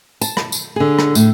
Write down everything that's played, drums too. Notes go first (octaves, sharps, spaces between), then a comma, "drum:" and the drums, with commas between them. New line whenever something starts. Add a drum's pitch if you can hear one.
A5, drum: tambourine
drum: rim click
drum: tambourine
D3 G#4
drum: rim click
A2, drum: tambourine